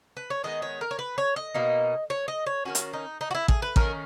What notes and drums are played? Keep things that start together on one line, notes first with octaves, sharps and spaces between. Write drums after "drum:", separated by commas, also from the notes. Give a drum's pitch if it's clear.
B4
C#5
D#3 G#3 B3 D#4 D#5
C#5
A#4
C#5
B4
C#5
D#5
B2 A#3 D#4
C#5
D#5
C#5
D#3 A#3 C#4 F#4
drum: hi-hat
D#4
D#4
F#4
E4
G#4, drum: kick
B4
D#3 A#3 C#4 A#4, drum: kick